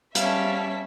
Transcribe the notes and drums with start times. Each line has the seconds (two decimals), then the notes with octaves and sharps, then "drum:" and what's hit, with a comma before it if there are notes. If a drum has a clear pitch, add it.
0.15 G3 C#4 E5 F5 A5 B6, drum: hi-hat